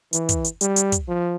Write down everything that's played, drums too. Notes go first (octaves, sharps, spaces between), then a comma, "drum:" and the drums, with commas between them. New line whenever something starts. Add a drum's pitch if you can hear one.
E3, drum: hi-hat
drum: kick, hi-hat
drum: hi-hat
G3, drum: hi-hat
drum: hi-hat
drum: kick, hi-hat
F3